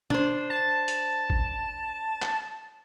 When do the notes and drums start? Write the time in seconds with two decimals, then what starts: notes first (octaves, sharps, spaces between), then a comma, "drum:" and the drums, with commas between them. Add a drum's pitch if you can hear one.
0.10 D4 C5, drum: tom
0.50 A5
0.88 drum: hi-hat
1.30 drum: kick G#1
2.22 drum: clap